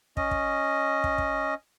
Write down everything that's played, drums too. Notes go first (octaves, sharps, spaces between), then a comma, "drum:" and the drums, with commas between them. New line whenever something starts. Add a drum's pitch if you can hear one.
C#4 D#5, drum: kick
drum: kick
drum: kick
drum: kick